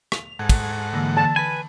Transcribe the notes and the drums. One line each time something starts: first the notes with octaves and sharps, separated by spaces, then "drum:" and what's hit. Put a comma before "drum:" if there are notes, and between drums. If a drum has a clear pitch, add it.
F7, drum: rim click
G#2 A4 F#5 G#6
drum: kick, cymbal
D3 E3 A#3
A5
B4 G#5 B5